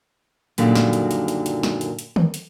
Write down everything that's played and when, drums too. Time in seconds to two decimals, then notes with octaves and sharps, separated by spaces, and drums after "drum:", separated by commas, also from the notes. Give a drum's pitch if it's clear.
0.58 F#2 A#2 D3 D#3 F#3 G3, drum: hi-hat
0.75 drum: snare
0.93 drum: hi-hat
1.11 drum: hi-hat
1.28 drum: hi-hat
1.46 drum: hi-hat
1.63 drum: snare
1.81 drum: hi-hat
1.99 drum: hi-hat
2.16 drum: tom D3
2.34 drum: hi-hat